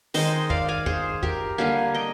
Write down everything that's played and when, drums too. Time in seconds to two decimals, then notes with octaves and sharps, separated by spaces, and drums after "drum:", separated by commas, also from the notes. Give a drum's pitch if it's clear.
0.14 D#3 G#3 C5 D#5, drum: open hi-hat
0.50 D5 F5, drum: kick
0.68 F5 G#5
0.86 G#4 C5, drum: kick
1.23 G4 A#4, drum: kick
1.58 D3 G3 A#3 F5 G#5
1.94 D#5 G5